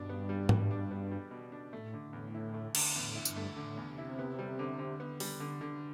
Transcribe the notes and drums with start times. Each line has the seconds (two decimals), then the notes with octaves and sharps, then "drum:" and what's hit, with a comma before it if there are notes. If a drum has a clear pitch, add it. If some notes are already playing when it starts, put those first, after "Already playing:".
Already playing: G2 B2 D4
0.09 B3
0.29 G3
0.49 B2, drum: tom G#2
0.71 D4
0.91 B3
1.11 G3
1.31 B2
1.52 D4
1.73 A2 A3
1.94 D3
2.03 A2
2.13 E2
2.34 E4
2.54 A3
2.75 D3, drum: cymbal
2.96 E2 A2
3.15 E4
3.25 G2, drum: tambourine
3.36 A3
3.56 A2 D3
3.77 E2
3.87 C3
3.98 E4
4.19 B3
4.39 G3
4.59 D3
4.79 D3
5.00 B3
5.20 G3, drum: open hi-hat
5.40 D3
5.61 D3